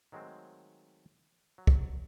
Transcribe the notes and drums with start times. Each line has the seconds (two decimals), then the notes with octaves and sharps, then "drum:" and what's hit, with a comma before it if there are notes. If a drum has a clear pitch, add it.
0.12 D#3 F#3 G#3 A3 C4
1.58 F#3
1.67 drum: kick